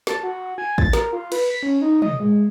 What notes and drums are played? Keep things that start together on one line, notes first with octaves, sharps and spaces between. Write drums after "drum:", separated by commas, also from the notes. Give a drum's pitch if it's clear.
A5, drum: snare
F#4
G#5
A6, drum: kick
A#4, drum: snare
F4
B4, drum: cymbal
B6
C#4
D#4
D#5, drum: tom
G#3